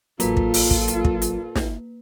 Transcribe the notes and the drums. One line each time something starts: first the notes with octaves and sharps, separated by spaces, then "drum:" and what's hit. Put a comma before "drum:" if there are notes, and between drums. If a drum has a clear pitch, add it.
A1 A#2 F#3 A#3 F4 A4 B4, drum: hi-hat
drum: kick
drum: open hi-hat
drum: kick
drum: hi-hat
drum: kick
drum: hi-hat
drum: snare